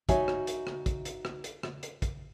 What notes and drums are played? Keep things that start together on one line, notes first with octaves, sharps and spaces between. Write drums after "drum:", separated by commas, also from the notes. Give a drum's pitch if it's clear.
D#4 F#4 C#5 E5 G#5, drum: kick, hi-hat
drum: rim click
drum: hi-hat
drum: rim click
drum: kick, hi-hat
drum: hi-hat
drum: rim click
drum: hi-hat
drum: rim click
drum: hi-hat
drum: kick, hi-hat